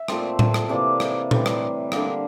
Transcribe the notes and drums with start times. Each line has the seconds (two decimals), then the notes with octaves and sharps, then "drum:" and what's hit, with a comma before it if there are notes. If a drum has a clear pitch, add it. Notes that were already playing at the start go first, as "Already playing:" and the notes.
Already playing: E5
0.08 A#2 A3 C4 C5, drum: rim click
0.39 drum: tom A2
0.54 drum: rim click
0.69 C3 E3 A#3 D5
1.00 drum: rim click
1.31 A2 E3 G3, drum: tom A#2
1.46 drum: rim click
1.92 D3 G3 A#3, drum: rim click